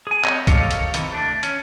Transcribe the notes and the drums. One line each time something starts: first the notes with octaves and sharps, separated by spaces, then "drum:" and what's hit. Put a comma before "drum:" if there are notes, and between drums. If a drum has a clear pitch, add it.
G#4 G#5
C4 G4 C#5 D#5, drum: clap
G4 A4 A#4 C#5 D#5 F5, drum: kick, hi-hat
drum: hi-hat
C3 D#3 E3, drum: hi-hat
A3 D4
C#4, drum: hi-hat